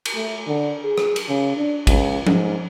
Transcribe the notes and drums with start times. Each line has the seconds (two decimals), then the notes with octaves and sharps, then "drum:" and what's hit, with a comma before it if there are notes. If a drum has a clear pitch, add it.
0.05 drum: cymbal
0.15 A3
0.47 D3
0.84 G#4
0.98 drum: rim click
1.16 drum: cymbal
1.28 C#3
1.57 D4
1.87 C#2, drum: kick, cymbal
2.27 G#2, drum: tom F3